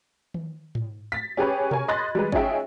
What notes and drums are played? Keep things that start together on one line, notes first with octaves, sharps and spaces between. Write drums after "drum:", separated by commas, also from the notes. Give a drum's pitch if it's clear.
drum: tom D#3
drum: tom G#2
A6 B6
C#4 G4 G#4 B4 C#5
A#4 C#5 G#5, drum: tom B2
D#5 B5 C6 F#6 G#6 A6
G3 G#3 B4, drum: tom D#3
C#4 D#4 F4 G#4 E5 G5, drum: kick